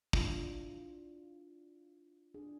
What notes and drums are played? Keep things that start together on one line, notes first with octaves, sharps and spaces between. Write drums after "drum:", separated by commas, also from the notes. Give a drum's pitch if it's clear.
D4 E4 F4 A4, drum: kick
D4 G#4